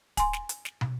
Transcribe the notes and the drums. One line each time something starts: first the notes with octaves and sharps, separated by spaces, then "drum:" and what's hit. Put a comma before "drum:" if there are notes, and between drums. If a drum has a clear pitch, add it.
G#5 C6, drum: kick, hi-hat
drum: snare
drum: hi-hat
drum: snare
drum: tom